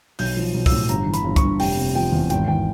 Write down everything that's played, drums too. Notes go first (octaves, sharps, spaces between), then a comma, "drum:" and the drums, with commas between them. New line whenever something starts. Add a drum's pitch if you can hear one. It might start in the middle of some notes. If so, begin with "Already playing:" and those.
B1 G6, drum: open hi-hat
F3
B1
E6, drum: kick, open hi-hat
A2
G1 A#5, drum: hi-hat
E3
B5, drum: hi-hat
G1
C#6, drum: kick, hi-hat
G2
F1 G5, drum: open hi-hat
C3
F3 G5
E2
G#1 G5, drum: hi-hat
E3 G5